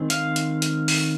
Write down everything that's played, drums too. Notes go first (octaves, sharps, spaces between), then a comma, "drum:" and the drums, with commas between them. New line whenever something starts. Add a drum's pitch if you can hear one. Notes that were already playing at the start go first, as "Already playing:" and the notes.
Already playing: D#3 G#3 C4
F5, drum: hi-hat
drum: hi-hat
drum: hi-hat
drum: open hi-hat